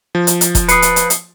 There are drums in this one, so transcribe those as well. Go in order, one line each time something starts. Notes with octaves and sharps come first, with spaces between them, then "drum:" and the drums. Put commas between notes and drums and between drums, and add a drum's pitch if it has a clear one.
F3
drum: hi-hat
drum: hi-hat
drum: kick E1, hi-hat
B4 D#6 C7 C#7, drum: hi-hat
drum: hi-hat
drum: hi-hat
drum: hi-hat